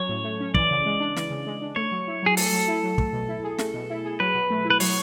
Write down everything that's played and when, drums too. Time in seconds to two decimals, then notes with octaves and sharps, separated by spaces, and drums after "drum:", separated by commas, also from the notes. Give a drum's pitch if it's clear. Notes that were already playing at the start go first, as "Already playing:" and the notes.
Already playing: F#3 C#4 C#5
0.09 A2
0.24 A3
0.40 C#4
0.54 E3 D5, drum: kick
0.71 C#3
0.86 G#3
1.00 D4
1.16 E3, drum: snare
1.30 C#3
1.47 G#3
1.62 D4
1.76 A3 C#5
1.92 F#3
2.08 E4
2.23 F#3 G#4
2.37 A3 A4, drum: open hi-hat
2.52 F#3
2.68 E4
2.84 F#3
2.98 A3, drum: kick
3.13 B2
3.28 E4
3.44 G#4
3.58 A3, drum: snare
3.74 B2
3.90 E4
4.05 G#4
4.20 F#3 B4
4.34 B2
4.50 A3
4.65 E4
4.70 B4
4.80 F#3 C#5, drum: open hi-hat